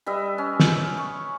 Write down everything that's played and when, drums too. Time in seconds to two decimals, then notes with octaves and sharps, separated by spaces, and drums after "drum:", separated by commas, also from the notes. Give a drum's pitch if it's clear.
0.06 G3 B4 D#5 E5
0.38 C#4
0.60 drum: snare
0.98 C#6